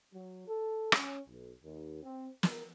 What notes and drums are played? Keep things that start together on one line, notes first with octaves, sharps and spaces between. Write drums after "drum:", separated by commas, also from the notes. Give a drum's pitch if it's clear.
F#3
A4
C#4, drum: rim click
B1
D#2
C4
A#4, drum: snare